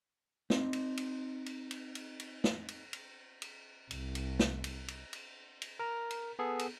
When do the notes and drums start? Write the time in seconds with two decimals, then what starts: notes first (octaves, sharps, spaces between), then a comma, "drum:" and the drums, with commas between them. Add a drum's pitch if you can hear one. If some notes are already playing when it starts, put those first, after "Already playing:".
0.50 C4 D#4, drum: snare
0.73 drum: cymbal
0.97 drum: cymbal
1.46 drum: cymbal
1.71 drum: cymbal
1.95 drum: cymbal
2.20 drum: cymbal
2.44 drum: snare
2.68 drum: cymbal
2.93 drum: cymbal
3.42 drum: cymbal
3.91 C2, drum: cymbal
4.15 drum: cymbal
4.39 drum: snare
4.64 drum: cymbal
4.88 drum: cymbal
5.13 drum: cymbal
5.62 drum: cymbal
5.79 A#4 A#5
6.10 drum: cymbal
6.39 B3 G#4 A4
6.59 drum: cymbal